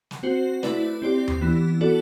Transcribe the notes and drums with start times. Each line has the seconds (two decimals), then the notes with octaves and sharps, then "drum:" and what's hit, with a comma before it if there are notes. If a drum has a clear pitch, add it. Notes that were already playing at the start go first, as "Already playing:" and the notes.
0.11 drum: snare
0.23 C4 F#4 C5
0.63 A3 E4 B4 D5, drum: snare
1.02 C4 G4 D5
1.28 drum: tom D#2
1.41 E3 B3 E4
1.81 B3 F#4 A4 D5